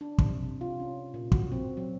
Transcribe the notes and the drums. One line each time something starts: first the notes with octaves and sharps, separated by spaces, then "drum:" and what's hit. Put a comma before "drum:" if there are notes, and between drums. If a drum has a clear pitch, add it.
D4
C3, drum: kick
F4
C#4
A#2
F#4, drum: kick
C4
F#3